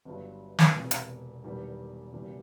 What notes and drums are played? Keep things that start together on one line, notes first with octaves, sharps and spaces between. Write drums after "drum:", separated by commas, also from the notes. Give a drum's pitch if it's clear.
G1 G2 F#3
drum: snare
E1 E2 C3
drum: hi-hat
E1 E2 D#3 G3
F#1 E2 B2 G3